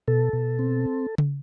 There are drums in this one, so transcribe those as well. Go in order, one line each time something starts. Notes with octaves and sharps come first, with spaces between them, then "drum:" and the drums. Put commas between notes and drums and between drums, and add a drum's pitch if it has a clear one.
B2 A4
B2
C4
drum: tom C#3